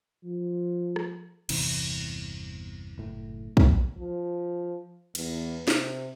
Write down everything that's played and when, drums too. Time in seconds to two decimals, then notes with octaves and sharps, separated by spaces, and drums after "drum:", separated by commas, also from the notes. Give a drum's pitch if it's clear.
0.24 F3
0.96 drum: rim click
1.49 G1 E2 C3 E3, drum: cymbal
2.98 F#1 A2
3.57 F#2 A2 B3 C4, drum: kick
3.98 F3
5.15 E2, drum: cymbal
5.68 C3, drum: snare